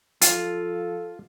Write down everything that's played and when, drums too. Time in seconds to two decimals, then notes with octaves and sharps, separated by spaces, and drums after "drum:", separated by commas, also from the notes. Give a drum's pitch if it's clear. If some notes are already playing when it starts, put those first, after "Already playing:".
0.22 F3 F4 A4, drum: hi-hat